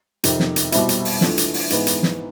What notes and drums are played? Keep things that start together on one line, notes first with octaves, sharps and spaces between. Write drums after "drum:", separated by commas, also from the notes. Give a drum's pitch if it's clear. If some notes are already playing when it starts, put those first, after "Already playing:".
F2 C3 D#3, drum: hi-hat
drum: snare
drum: hi-hat
B2 G3 C4 E4, drum: hi-hat
drum: hi-hat
drum: open hi-hat
E3 A3 D4 F4, drum: snare
drum: hi-hat
drum: open hi-hat
G#2 E3 G#3 B3 D#4, drum: hi-hat
drum: hi-hat
drum: snare